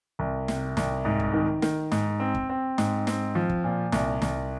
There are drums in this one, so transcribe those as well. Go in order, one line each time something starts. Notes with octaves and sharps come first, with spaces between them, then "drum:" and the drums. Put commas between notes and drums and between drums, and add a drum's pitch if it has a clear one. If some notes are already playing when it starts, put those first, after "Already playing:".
C2
C3, drum: snare
C2, drum: snare
G#2
drum: kick
D#3
D#3, drum: snare
G#2, drum: snare
C4
drum: kick
C4
G#2, drum: snare
C4, drum: snare
F3
drum: kick
A#2
C2, drum: snare
C2, drum: snare